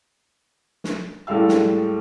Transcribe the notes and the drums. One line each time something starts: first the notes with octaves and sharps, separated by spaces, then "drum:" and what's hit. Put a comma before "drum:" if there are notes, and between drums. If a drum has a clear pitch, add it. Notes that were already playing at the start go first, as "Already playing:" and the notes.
drum: snare
A2 G3 G#3 A4 F5 E6
drum: snare